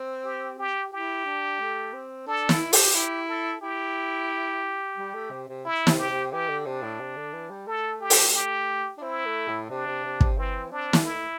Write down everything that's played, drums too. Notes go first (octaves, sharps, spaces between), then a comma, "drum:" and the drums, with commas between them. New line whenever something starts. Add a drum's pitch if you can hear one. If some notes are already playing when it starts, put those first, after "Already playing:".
Already playing: C4
G4
G4
E4 G4
D4
A3
C4
D4 A4
E4, drum: snare
G4, drum: open hi-hat
E4 G4
A4
E4 G4
G3
A3
C3
C3
E4
C3, drum: snare
G4
C3
E3 G4
D3
C3 D4
A2
C3
D3
E3
G3
A3 A4
G4
drum: open hi-hat
G4
D4
C4 E4
A3
A2
C3 D4
C3
C3
C3, drum: kick
E3 C4
C4 D4
G3, drum: snare
A3 E4